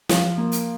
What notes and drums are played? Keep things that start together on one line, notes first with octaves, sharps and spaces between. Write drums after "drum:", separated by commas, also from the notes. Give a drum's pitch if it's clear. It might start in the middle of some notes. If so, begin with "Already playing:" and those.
F3 F5, drum: snare
A#3
drum: hi-hat